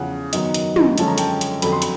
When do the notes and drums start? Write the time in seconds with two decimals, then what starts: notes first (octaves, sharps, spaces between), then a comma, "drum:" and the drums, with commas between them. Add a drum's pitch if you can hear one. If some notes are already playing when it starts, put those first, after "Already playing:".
Already playing: E2 C#3 F3 F#5
0.33 F#2 D#3 F#3 B3 D#4, drum: hi-hat
0.54 drum: hi-hat
0.76 drum: tom
0.98 F#2 D3 F3 G#3 C#4 A5, drum: hi-hat
1.08 A#5
1.18 G5 A5, drum: hi-hat
1.41 drum: hi-hat
1.62 F2 D3 F#3 B5, drum: hi-hat
1.72 C6
1.82 B5, drum: hi-hat